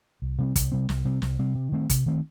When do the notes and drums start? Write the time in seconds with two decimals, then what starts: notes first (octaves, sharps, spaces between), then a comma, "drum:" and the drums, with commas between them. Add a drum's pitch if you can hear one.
0.22 C2
0.38 C3 G3 C4
0.56 C2, drum: kick, hi-hat
0.72 C3 G3 C4
0.89 C2, drum: snare
1.05 C3 G3 C4
1.22 C2, drum: snare
1.39 C3 G3 C4
1.55 C3
1.72 D#3 A3 C4
1.90 C3, drum: kick, hi-hat
2.06 D#3 A3 C4